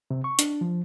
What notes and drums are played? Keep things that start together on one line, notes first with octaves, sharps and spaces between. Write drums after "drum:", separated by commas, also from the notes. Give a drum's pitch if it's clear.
C3
C#6
D4, drum: hi-hat
F3